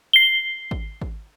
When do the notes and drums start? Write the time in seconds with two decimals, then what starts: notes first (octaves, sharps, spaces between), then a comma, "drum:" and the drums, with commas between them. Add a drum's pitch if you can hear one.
0.13 C7 G7
0.71 drum: kick G#1
1.02 drum: kick G#1